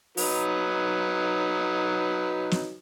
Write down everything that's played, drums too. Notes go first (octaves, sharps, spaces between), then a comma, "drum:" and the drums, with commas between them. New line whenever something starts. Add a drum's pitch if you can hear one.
F#3 D#4 B4, drum: open hi-hat
drum: snare